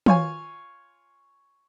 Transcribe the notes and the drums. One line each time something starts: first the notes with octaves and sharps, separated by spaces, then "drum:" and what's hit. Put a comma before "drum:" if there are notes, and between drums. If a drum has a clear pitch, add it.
F4 C#5 G#5, drum: tom